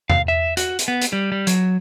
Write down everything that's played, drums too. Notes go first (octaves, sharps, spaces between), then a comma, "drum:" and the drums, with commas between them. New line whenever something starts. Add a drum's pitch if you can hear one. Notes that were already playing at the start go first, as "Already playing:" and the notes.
F5, drum: tom E2
E5
F#4, drum: hi-hat
drum: hi-hat
B3
drum: hi-hat
G3
G3
F#3, drum: hi-hat